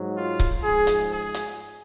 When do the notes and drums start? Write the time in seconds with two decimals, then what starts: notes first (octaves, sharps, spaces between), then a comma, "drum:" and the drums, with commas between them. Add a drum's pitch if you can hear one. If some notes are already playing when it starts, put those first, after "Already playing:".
Already playing: G#2 F#3
0.16 F4
0.40 drum: kick C#1
0.63 G#2 F3 G#4
0.87 drum: hi-hat
1.11 G#4
1.34 drum: hi-hat